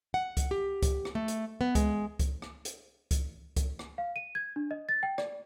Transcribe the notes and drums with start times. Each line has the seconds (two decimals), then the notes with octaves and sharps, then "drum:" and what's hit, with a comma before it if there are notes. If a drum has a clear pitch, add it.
0.14 F#5
0.37 drum: kick C#2, hi-hat
0.51 G4
0.82 drum: kick C#2, hi-hat
1.05 drum: rim click
1.15 A3
1.28 drum: hi-hat
1.61 B3
1.75 G#3, drum: kick C#2, hi-hat
2.19 drum: kick C#2, hi-hat
2.42 drum: rim click
2.65 drum: hi-hat
3.11 drum: kick C#2, hi-hat
3.56 drum: kick C#2, hi-hat
3.79 drum: rim click
3.98 F5
4.16 D#7
4.35 G#6
4.56 D4
4.71 D#5
4.89 A6
5.03 G5
5.18 D5, drum: rim click